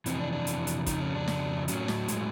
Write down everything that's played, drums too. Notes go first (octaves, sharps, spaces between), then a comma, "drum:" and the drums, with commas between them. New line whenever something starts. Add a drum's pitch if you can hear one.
F2 C3 E3 C4, drum: hi-hat
D4
D4
drum: hi-hat
drum: hi-hat
F2 C#3 D#4, drum: kick, hi-hat
C#4
D4
drum: snare
A2 F#3 C#4, drum: hi-hat
drum: snare
G#3, drum: hi-hat